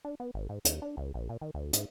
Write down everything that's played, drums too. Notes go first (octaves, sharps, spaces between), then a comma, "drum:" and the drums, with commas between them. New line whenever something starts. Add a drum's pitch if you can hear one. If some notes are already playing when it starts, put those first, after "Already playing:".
D4
B3
G#1
G#2
D#2, drum: hi-hat
D4
C#2
A#1
A#2
D#3
D2
G#2, drum: hi-hat